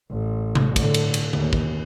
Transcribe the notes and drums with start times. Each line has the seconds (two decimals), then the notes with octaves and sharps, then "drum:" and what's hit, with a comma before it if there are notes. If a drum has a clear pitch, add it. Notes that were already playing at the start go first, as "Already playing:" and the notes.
0.10 A1
0.55 drum: tom C3
0.76 A2 D3, drum: kick, cymbal
0.94 drum: cymbal
1.14 drum: cymbal
1.33 D#2, drum: tom D3
1.53 drum: kick